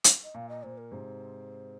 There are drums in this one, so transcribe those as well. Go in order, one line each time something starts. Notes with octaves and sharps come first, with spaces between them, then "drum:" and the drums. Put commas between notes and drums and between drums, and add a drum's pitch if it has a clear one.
drum: hi-hat
D#5
A#2 F5
D#5
A#2 C5
A#4
G#2 C3 C5